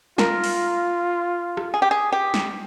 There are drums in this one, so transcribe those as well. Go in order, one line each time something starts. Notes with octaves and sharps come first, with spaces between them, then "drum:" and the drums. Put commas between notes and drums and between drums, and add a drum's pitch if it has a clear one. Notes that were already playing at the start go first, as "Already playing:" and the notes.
F4 A#4, drum: snare
drum: open hi-hat
drum: rim click
G#4
G4
G#4
G4
drum: snare